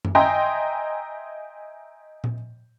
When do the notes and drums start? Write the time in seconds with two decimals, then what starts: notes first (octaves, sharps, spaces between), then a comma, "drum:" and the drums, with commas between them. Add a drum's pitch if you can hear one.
0.05 drum: tom F#2
0.15 D#5 E5 G5 G#5 A#5 C6
2.24 drum: tom A#2